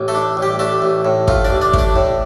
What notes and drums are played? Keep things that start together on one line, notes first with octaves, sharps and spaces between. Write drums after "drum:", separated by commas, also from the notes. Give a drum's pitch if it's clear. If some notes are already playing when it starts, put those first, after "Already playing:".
Already playing: A1
A3 A4
D4
A1
G3 G4
A3 D4 A4
A1
A2
A3 F4, drum: kick
D4 D5
A1
D4 D5
A3, drum: kick
D4 D5
A2